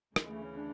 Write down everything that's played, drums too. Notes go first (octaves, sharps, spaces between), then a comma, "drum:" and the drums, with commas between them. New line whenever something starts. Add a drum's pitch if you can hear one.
D2 C#3 E3 G#3, drum: rim click
A3
C#4
D4